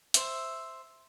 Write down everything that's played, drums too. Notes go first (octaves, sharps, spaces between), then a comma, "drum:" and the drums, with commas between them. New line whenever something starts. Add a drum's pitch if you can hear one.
C5 E5, drum: hi-hat